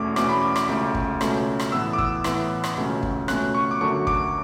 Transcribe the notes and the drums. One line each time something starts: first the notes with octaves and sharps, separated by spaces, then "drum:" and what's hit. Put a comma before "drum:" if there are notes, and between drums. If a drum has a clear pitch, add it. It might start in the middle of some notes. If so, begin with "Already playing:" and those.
Already playing: E2 B2 A3 C#4 D6
E2 B2 A3 C#4 D6, drum: rim click
B5
D6
D6, drum: rim click
C#2 B2 A3 C#4
drum: kick
C#2 B2 A3 C#4, drum: rim click
drum: rim click
A2 E3 B3 E6
D6
E6, drum: kick
A2 E3 B3, drum: rim click
drum: rim click
C#2 B2 A3 C#4
drum: kick
C#2 B2 A3 C#4 F#6, drum: rim click
C#6
D6
F#2 D3 F#3 A3 C#6
D6, drum: kick